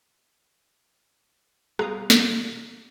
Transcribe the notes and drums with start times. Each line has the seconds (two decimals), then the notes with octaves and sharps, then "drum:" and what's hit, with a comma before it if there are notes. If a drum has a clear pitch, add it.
1.79 B2 G3 F5 A#5 D#6, drum: rim click
2.10 drum: snare